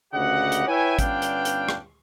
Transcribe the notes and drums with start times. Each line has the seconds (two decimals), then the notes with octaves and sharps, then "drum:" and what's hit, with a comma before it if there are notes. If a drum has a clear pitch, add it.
0.13 D2 A#2 C#3 G4 D#5 F#5
0.52 drum: hi-hat
0.68 E4 B4 C#5 E5 G5 G#5
0.99 G1 B3 C#4 D4 F5 G5, drum: kick, hi-hat
1.22 drum: hi-hat
1.45 drum: hi-hat
1.69 drum: rim click